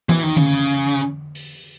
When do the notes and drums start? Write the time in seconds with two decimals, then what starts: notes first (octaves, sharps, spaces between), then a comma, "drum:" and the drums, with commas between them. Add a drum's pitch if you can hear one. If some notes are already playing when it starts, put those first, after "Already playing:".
0.09 E3, drum: tom E3
0.23 D#3
0.37 C#3, drum: tom D3
1.35 drum: open hi-hat